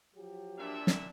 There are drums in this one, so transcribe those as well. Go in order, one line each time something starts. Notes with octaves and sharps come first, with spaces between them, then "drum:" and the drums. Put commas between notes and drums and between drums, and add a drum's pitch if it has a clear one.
F3 F#3 G4
A#2 D4 E5
drum: snare